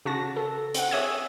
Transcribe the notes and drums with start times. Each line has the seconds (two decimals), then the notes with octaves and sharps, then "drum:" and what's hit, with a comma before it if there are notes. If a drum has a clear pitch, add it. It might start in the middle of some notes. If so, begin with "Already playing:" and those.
0.05 C#3 F#4 A5 A#6
0.36 A4
0.74 C4 F#5, drum: hi-hat
0.91 G#4 C#5 E5 D#6 E6 G#6